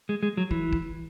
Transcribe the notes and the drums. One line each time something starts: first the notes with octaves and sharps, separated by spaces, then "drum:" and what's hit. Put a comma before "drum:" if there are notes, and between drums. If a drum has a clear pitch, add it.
G#3
G#3
F#3
E3, drum: kick
drum: kick